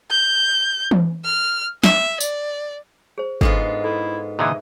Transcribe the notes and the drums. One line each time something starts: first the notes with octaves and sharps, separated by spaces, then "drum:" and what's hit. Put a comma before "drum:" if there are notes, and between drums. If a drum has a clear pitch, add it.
G6
drum: tom E3
F6
E5, drum: snare
D5, drum: tambourine
G#4 C5
G#2 B3 D4 F4 A4, drum: kick
E4 A4
A#2 D3 E3 G#4 D#5 E5